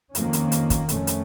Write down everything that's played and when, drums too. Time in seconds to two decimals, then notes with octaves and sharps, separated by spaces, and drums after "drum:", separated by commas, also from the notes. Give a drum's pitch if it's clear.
0.15 F2 D#3 A#3 C#4, drum: hi-hat
0.33 drum: hi-hat
0.52 drum: hi-hat
0.70 drum: kick, hi-hat
0.89 F2 D#3 A3 C#4, drum: hi-hat
1.07 drum: hi-hat